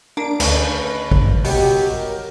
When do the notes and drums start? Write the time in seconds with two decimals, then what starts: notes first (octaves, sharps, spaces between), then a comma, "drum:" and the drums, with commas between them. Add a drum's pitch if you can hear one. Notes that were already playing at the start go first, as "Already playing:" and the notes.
0.17 A#3 D4 D7
0.40 D2 C#3 C#4 A4 B4, drum: cymbal
1.11 drum: kick
1.45 C2 B2 D#3 F#3 G4, drum: open hi-hat
1.89 A#4